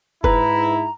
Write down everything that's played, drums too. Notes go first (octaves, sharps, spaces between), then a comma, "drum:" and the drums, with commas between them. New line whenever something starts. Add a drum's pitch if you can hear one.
G#2 E4 B4 A#5, drum: kick F1